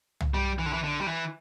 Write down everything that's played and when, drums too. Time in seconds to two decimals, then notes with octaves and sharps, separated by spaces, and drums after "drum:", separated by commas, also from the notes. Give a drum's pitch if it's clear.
0.20 drum: tom C2
0.34 G3
0.59 E3
0.66 D3
0.73 E3
0.84 D3
1.01 G3
1.07 E3